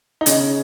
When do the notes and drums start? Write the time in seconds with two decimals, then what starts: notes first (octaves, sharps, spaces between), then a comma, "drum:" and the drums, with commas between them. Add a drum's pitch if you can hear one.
0.21 D#4
0.26 C#3 C#4, drum: hi-hat